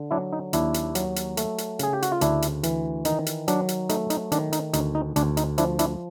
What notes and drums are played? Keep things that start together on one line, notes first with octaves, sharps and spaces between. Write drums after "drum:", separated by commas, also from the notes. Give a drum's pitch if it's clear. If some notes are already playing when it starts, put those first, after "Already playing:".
Already playing: D3
F#3 D4 E4
D#4
D#2 D4 E4, drum: hi-hat
drum: hi-hat
F#3, drum: hi-hat
drum: hi-hat
A3, drum: hi-hat
drum: hi-hat
C#3 G#4, drum: hi-hat
G4
F#4, drum: hi-hat
F4
D2 D4 E4, drum: hi-hat
drum: hi-hat
E3, drum: hi-hat
D#3 D#4, drum: hi-hat
drum: hi-hat
F#3 D4, drum: hi-hat
drum: hi-hat
A3 D#4, drum: hi-hat
D#4, drum: hi-hat
D#3 D4, drum: hi-hat
D#4, drum: hi-hat
D2 D#4, drum: hi-hat
D#4
D2 D4, drum: hi-hat
D#4, drum: hi-hat
F3 D4 E4, drum: hi-hat
D4 E4, drum: hi-hat